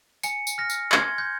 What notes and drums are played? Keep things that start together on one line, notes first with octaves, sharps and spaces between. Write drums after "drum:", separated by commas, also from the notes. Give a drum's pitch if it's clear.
G#5 C#7, drum: tambourine
drum: tambourine
F6 A#6
drum: tambourine
C6 G#6, drum: clap
G6